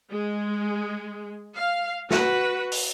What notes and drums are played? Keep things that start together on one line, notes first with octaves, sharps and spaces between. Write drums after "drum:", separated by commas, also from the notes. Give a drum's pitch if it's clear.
G#3
F5
F#4 B4, drum: snare
drum: open hi-hat